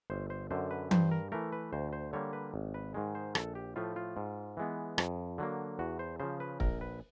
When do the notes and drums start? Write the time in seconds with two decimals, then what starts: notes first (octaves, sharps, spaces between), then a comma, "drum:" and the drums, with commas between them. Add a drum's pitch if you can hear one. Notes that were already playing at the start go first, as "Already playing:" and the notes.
0.10 G1 C5
0.30 C5
0.51 F#2 D3 C5
0.71 B4
0.91 G2 C5, drum: tom E3
1.11 A#4
1.32 E3 A3 A#4
1.52 B4
1.73 D2 C5
1.93 C5
2.13 D3 G3 A#3 C#5
2.33 B4
2.54 G#1
2.74 B4
2.94 G#2 D#3 G#3
3.15 C5
3.35 A#1 A4, drum: rim click
3.55 G4
3.76 A2 F3 A3 F4
3.96 F4
4.17 G#2
4.57 E3 G#3 B3
4.98 F2, drum: rim click
5.38 D3 F#3 A#3
5.79 E2 F#4
5.99 C5
6.20 C#3 F3 C5
6.40 B4
6.60 A#1 A#4, drum: kick
6.81 B4